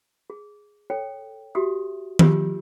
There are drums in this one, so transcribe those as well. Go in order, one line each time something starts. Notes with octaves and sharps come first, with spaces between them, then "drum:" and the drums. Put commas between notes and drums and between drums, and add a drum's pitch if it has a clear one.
G#4
A4 C#5 G5
F#4 G4 E5 D#6
F4 G4 E6, drum: tom D#3